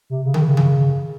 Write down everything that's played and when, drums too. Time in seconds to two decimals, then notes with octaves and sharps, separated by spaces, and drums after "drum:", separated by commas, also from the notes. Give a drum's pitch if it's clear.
0.10 C3
0.25 C#3
0.34 D#3, drum: tom D3
0.42 C#3
0.57 drum: tom D3